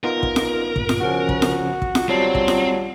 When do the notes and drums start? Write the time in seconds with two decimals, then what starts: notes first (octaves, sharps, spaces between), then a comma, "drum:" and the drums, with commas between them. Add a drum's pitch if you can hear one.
0.04 B3 D#4 F4 A#4
0.23 drum: kick
0.36 drum: snare
0.76 G1 A#2, drum: kick
0.89 drum: snare
1.01 C#3 F3 C#4 F#4
1.29 drum: kick
1.42 drum: snare
1.82 drum: kick
1.95 drum: snare
2.09 F#3 G3 C4 F4 A5
2.35 drum: kick
2.48 drum: snare